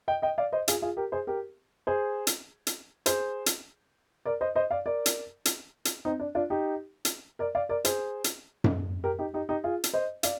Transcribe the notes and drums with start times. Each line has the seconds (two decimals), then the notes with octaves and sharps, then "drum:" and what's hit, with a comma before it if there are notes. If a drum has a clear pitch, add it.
0.08 D#5 G5
0.22 D#5 G5
0.38 D5 F5
0.53 C5 D#5
0.68 F4 G#4, drum: hi-hat
0.82 F4 G#4
0.97 G4 A#4
1.12 G#4 C5
1.27 G4 A#4
1.87 G#4 C5
2.27 drum: hi-hat
2.67 drum: hi-hat
3.06 G#4 C5, drum: hi-hat
3.46 drum: hi-hat
4.25 A#4 D5
4.41 C5 D#5
4.56 C5 D#5
4.71 D5 F5
4.86 A#4 D5
5.06 drum: hi-hat
5.45 drum: hi-hat
5.85 drum: hi-hat
6.05 C4 D#4
6.20 D4
6.35 D4 F4
6.50 D#4 G4
7.05 drum: hi-hat
7.39 A#4 D5
7.55 D5 F5
7.69 A#4 D5
7.85 G#4 C5, drum: hi-hat
8.24 drum: hi-hat
8.64 drum: tom F#2
9.04 G4 A#4
9.19 D#4 G4
9.34 D#4 G4
9.49 D#4 G4
9.64 F4 G#4
9.84 drum: hi-hat
9.94 C5 D#5
10.23 D5 F5, drum: hi-hat